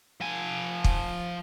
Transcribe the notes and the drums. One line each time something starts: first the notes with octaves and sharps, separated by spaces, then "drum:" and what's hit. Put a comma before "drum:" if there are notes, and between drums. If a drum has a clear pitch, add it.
F3 G#5
drum: kick